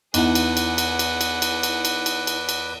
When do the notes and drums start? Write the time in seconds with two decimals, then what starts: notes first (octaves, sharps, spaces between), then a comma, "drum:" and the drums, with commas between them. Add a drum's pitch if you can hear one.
0.14 E2 D#4 E4 G#4 B4 F#5 D6, drum: cymbal
0.35 drum: cymbal
0.57 drum: cymbal
0.78 drum: cymbal
0.99 drum: cymbal
1.21 drum: cymbal
1.42 drum: cymbal
1.63 drum: cymbal
1.85 drum: cymbal
2.06 drum: cymbal
2.27 drum: cymbal
2.49 drum: cymbal